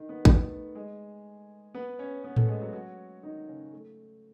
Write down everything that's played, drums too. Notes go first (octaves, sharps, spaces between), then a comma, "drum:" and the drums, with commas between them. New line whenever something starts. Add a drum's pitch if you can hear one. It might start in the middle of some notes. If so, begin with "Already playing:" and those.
Already playing: D#3 D#4
B3 B4
A3 A4, drum: kick
G#3 G#4
B3 B4
C#4 C#5
B3 B4
A3 A4, drum: tom A2
G#3 G#4
F#3 F#4
F#3 F#4
D#3 D#4
C#3 C#4
A3